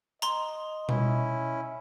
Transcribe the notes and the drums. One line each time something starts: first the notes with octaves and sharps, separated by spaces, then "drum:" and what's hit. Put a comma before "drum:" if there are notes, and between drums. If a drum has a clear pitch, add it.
D#5 A#5 C6, drum: hi-hat
C#4 E4, drum: tom B2